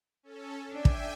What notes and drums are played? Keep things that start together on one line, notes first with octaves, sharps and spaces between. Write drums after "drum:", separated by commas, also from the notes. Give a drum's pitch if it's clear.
C#4 A4
D4 D5 E5 G5 G#5
drum: kick